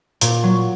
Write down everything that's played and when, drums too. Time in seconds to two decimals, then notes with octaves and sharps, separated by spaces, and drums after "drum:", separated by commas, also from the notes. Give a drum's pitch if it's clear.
0.21 A#2, drum: hi-hat
0.43 F#3